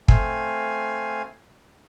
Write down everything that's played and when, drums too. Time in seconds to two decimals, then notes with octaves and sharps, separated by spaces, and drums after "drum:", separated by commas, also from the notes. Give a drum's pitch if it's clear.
0.08 A3 C4 F5 G#5, drum: kick